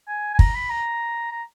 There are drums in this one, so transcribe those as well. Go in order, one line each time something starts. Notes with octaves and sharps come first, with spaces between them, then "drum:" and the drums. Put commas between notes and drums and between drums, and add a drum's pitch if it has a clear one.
G#5
G#5
A#5, drum: kick
B5
A#5
A#5